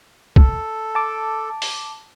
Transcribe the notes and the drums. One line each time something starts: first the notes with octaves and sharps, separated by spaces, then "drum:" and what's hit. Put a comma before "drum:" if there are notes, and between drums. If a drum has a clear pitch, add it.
A4, drum: kick
A5 D6
drum: open hi-hat